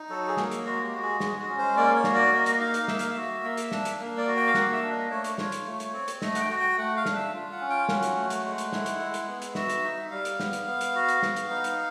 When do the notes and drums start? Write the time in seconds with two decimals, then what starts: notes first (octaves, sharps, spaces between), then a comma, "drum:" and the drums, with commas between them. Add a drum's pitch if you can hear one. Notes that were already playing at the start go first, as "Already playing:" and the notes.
Already playing: D#4
0.10 F#3 A4
0.28 G#4
0.37 A#3, drum: snare
0.51 drum: hi-hat
0.65 G#3 F#4
0.84 G4
0.93 F#4
1.02 G#4
1.20 G#3 G#4, drum: snare
1.39 F#4
1.49 C#4
1.58 C5
1.76 A#3 D5
1.95 C#5
2.04 F#4, drum: snare
2.14 D5
2.32 A#3 D#5
2.46 drum: hi-hat
2.60 D#4 F5
2.74 drum: hi-hat
2.88 A#3 E5, drum: snare
2.99 F5, drum: hi-hat
3.10 E5
3.16 F#4
3.43 A#3
3.57 drum: hi-hat
3.72 D4, drum: snare
3.85 drum: hi-hat
4.00 A#3
4.17 D5
4.27 F#4
4.36 G5
4.47 F5
4.54 A#3 F#5, drum: snare
4.73 E5
4.82 D4
4.92 D#5
5.10 A3 C#5
5.24 drum: hi-hat
5.38 F4, drum: snare
5.52 drum: hi-hat
5.66 A3
5.80 drum: hi-hat
5.94 C4
6.08 drum: hi-hat
6.22 A3 D#5, drum: snare
6.35 F#5, drum: hi-hat
6.40 G5
6.50 F#4
6.59 G5
6.77 A3 F#5
6.96 F5
7.06 D4, drum: snare
7.15 E5
7.34 F4
7.52 F#5
7.60 C#4
7.70 G5
7.89 F#3 F#5, drum: snare
8.03 drum: hi-hat
8.16 A3
8.30 drum: hi-hat
8.44 G#3
8.58 drum: hi-hat
8.72 E4, drum: snare
8.86 drum: hi-hat
9.00 G#3
9.14 drum: hi-hat
9.28 B3
9.42 drum: hi-hat
9.55 F#4 E5, drum: snare
9.69 drum: hi-hat
9.83 D#4
10.11 G3 F5
10.25 drum: hi-hat
10.40 B3, drum: snare
10.53 drum: hi-hat
10.66 B3
10.81 drum: hi-hat
10.95 F#4
11.09 drum: hi-hat
11.23 B3, drum: snare
11.36 drum: hi-hat
11.50 D#4
11.64 drum: hi-hat